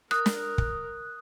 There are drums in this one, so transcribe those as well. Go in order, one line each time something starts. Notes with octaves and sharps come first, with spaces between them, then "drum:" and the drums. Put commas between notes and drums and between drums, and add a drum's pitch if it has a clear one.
A#4 D#6 F#6, drum: rim click
drum: snare
drum: kick